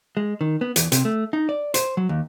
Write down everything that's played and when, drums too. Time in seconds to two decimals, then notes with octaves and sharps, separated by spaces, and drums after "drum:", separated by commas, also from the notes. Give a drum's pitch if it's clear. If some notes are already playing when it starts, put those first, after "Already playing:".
0.17 G#3
0.41 D#3
0.61 B3
0.76 E2, drum: hi-hat
0.92 C3, drum: hi-hat
1.05 A3
1.33 D#4
1.49 D5
1.74 C5, drum: hi-hat
1.97 F#3
2.09 D#2